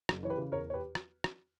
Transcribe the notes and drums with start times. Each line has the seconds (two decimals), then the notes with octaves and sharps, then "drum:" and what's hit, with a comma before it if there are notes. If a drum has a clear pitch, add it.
0.09 F#1, drum: rim click
0.23 E3 C#5
0.30 G4 B4
0.38 C#3
0.52 E2 A#4 C#5
0.70 C#5
0.74 G4 B4
0.95 drum: rim click
1.24 drum: rim click